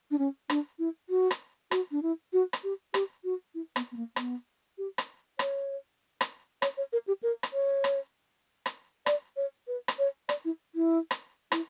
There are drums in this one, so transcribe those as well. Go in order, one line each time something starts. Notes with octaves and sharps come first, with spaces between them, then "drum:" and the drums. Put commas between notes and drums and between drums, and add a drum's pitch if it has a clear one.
D4
C#4
D4, drum: rim click
E4
F#4
drum: rim click
F#4, drum: rim click
D4
E4
F#4
drum: rim click
G4
G4, drum: rim click
F#4
E4
B3, drum: rim click
B3
A#3
B3, drum: rim click
G4
drum: rim click
C#5, drum: rim click
drum: rim click
C#5, drum: rim click
C#5
A#4
G4
A#4
drum: rim click
C#5
drum: rim click
drum: rim click
D5, drum: rim click
C#5
B4
drum: rim click
C#5
D5, drum: rim click
E4
E4
drum: rim click
E4, drum: rim click